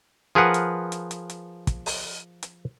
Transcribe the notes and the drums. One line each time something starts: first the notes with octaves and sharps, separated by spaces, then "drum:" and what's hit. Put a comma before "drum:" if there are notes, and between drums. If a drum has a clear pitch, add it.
F3 G#4 A#4 B4 F#5
drum: hi-hat
drum: hi-hat
drum: hi-hat
drum: hi-hat
drum: kick, hi-hat
drum: open hi-hat
drum: hi-hat